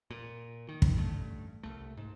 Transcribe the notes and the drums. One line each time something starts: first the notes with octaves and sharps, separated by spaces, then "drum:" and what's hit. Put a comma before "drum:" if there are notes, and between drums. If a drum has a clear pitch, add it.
A#2
D#3
drum: kick
A1 G2 A3
C2 A3
G#2